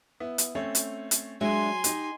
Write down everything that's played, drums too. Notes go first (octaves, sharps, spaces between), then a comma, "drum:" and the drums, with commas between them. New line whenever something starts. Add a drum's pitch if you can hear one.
B3 E4
drum: hi-hat
A3 C4 C#4
drum: hi-hat
drum: hi-hat
F#3 G#3 D4 E5 G#5 C6
D#4 G4, drum: hi-hat